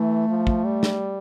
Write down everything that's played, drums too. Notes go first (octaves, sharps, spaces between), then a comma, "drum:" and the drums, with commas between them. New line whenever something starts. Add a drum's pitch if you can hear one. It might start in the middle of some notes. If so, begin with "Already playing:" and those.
Already playing: E3 A3
F3
drum: kick
G3
drum: snare